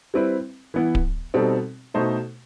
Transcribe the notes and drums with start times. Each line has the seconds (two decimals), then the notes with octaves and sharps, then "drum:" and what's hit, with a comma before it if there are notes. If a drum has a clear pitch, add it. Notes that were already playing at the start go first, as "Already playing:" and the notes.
0.14 G3 C4 E4 B4
0.74 E3 B3 E4
0.95 drum: kick D1
1.34 B2 G3 C4 D#4 A4
1.94 B2 A3 D#4 A4 C5